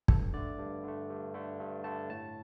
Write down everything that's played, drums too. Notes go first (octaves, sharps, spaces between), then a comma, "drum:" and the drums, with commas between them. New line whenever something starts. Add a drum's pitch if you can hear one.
G2 A4, drum: kick
D3 A3 D5
G2
D3 A3
G2
D3 A3
G2
D3 A3 A5
A2 A5